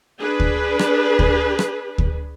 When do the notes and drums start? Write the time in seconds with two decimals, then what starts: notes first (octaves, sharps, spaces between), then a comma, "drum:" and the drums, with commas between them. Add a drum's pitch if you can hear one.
0.20 D4 G#4 B4
0.40 drum: kick D2
0.79 drum: rim click
1.19 drum: kick D2
1.59 drum: rim click
1.98 drum: kick D2